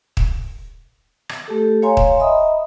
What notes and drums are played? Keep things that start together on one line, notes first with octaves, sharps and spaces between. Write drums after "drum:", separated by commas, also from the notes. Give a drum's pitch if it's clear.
drum: kick
drum: rim click
A3 G4 A4
C#5 F5 G#5 A#5 C6
drum: kick
D#5 E5 A#5 B5 D#6